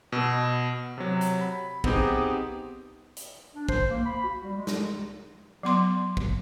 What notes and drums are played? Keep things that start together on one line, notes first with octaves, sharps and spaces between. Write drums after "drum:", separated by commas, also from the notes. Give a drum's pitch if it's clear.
B2 E6
C3 F#3
drum: hi-hat
B5
B3 C4 D#4 G4 G#4, drum: kick
drum: hi-hat
D4
C5, drum: kick
A#3
B5
F#4
G3
G#3
drum: snare
F#3 B3 C6 D6
drum: kick